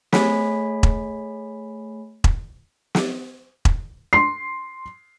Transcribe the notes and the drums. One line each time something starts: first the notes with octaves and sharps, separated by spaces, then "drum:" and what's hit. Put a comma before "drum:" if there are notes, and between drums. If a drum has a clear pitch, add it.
A3 G#4 C#5 G#5 B5 B6, drum: snare
drum: kick E1
drum: kick E1
drum: snare
drum: kick E1
C6 C7